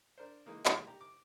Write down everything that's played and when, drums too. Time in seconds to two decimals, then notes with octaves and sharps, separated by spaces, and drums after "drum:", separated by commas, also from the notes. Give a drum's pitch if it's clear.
0.18 D4 A#4 C5
0.46 E3 G#3 A#3 D#4
0.66 B1 A#2 D#3 E3 G3 G#3, drum: clap
0.87 G4 A#5
1.01 D6